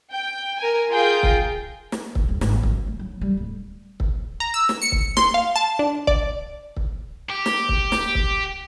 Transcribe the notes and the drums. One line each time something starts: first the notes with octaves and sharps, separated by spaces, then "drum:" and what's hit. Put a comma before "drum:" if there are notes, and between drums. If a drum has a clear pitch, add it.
G5
A#4 G#5
F4 G#4 A#4 G5 G6
drum: kick
drum: snare
drum: kick
D#1
G#1, drum: snare
F#2, drum: kick
A3
F#3
G3
D1
drum: kick
A#5
E6
drum: snare
C#7
drum: kick
C6, drum: snare
F5
A5
D4
D5, drum: kick
drum: kick
G4
drum: snare
drum: kick
drum: snare
drum: kick